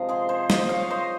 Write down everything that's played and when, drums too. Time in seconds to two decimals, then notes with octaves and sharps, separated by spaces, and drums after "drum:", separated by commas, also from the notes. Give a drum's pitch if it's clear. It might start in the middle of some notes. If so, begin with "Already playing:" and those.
Already playing: C3 F3 G#3 D#5 F5
0.09 G#4 C5
0.29 G#4 C5
0.50 C5 D#5, drum: snare
0.69 C#5 F5
0.90 C5 D#5